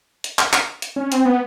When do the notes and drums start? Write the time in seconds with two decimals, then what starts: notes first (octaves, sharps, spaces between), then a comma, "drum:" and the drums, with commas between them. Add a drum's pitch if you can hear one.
0.24 drum: hi-hat
0.39 drum: clap
0.53 drum: clap
0.82 drum: hi-hat
0.96 C#4
1.12 C4, drum: hi-hat
1.25 B3